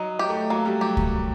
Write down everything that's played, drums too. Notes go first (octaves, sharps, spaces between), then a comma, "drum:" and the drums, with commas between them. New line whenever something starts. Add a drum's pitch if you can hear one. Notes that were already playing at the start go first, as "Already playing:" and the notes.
Already playing: F#3 D#4
G4
A3
F#3 A#3
G3
F#3 G4
drum: kick C#2